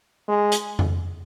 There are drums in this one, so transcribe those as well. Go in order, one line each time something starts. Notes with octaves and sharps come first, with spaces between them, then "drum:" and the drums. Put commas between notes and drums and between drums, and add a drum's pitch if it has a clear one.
G#3
drum: hi-hat
drum: tom F2